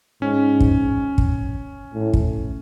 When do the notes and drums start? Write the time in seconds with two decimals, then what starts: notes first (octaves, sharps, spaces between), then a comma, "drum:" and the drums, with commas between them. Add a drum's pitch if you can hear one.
0.22 G#2 C#4
0.60 drum: kick
1.18 drum: kick
1.94 A2
2.13 drum: kick